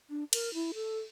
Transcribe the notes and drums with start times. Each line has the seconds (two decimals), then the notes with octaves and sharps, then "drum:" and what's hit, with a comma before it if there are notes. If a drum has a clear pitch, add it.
0.10 D4
0.33 A#4, drum: cymbal
0.54 E4
0.74 A4